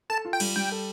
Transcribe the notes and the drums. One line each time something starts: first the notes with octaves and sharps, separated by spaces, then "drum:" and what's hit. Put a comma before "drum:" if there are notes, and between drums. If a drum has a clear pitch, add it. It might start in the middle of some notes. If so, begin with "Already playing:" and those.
A4 A5
F4
G5
G3, drum: cymbal
G3 G5
A4